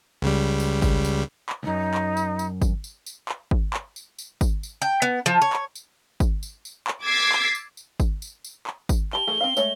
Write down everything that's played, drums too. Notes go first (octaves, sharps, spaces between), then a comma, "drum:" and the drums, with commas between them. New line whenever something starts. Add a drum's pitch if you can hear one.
C#2 C#3 G3
drum: tambourine
drum: kick G#1, tambourine
drum: tambourine
drum: clap
C#2 F#2 D#4
drum: clap
drum: tambourine
drum: tambourine
drum: kick G#1, tambourine
drum: tambourine
drum: tambourine
drum: clap
drum: kick G#1
drum: clap
drum: tambourine
drum: tambourine
drum: kick G#1, tambourine
drum: tambourine
G5
B3
F3
C#5
drum: clap
drum: tambourine
drum: kick G#1, tambourine
drum: tambourine
drum: tambourine
drum: clap
D6 E6 G#6 A6 B6 C7
drum: clap
drum: tambourine
drum: tambourine
drum: kick G#1, tambourine
drum: tambourine
drum: tambourine
drum: clap
drum: kick G#1, tambourine
G4 A5 G7, drum: clap
E3 A3 G#4
C4 F5
G#3 A3 C#5, drum: tambourine